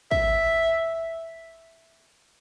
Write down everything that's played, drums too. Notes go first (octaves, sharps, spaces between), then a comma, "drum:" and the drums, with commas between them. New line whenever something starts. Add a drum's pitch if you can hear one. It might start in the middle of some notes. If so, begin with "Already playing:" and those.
E5, drum: kick